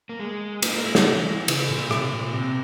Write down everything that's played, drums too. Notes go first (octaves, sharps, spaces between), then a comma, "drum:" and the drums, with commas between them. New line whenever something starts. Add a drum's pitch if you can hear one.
A#3
G#3
A#3, drum: cymbal
A#3
E4
C#4, drum: snare
E3
C#3, drum: cymbal
A#2
C3, drum: rim click
A#2
C#3
C3